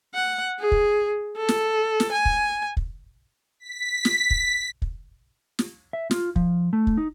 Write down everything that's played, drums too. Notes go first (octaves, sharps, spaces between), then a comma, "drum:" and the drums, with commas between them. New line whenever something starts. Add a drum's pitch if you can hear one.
F#5
G#4
drum: kick
A4
drum: snare
drum: snare
G#5
drum: kick
drum: kick
B6
drum: snare
drum: kick
drum: kick
drum: snare
E5
F4, drum: snare
F3, drum: kick
A3
drum: kick
D#4